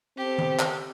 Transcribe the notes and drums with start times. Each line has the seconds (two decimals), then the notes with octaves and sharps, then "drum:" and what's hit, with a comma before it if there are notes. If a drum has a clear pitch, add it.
0.17 C4 G4 A4
0.38 drum: tom D#3
0.59 drum: clap